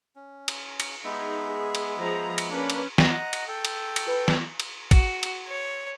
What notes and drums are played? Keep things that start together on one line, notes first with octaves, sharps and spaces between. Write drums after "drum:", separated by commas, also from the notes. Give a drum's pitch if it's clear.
C#4
drum: cymbal
drum: cymbal
G#3 B3 D#4 G#4 E5
G#4
drum: cymbal
F3 G#4 A#5
drum: cymbal
A#3 C#4 D4 B4
drum: cymbal
D#5 F#5 A#5, drum: snare
drum: cymbal
A4 G5
drum: cymbal
drum: cymbal
F4 B4 B5
drum: snare
drum: cymbal
F#4, drum: kick, cymbal
drum: cymbal
C#5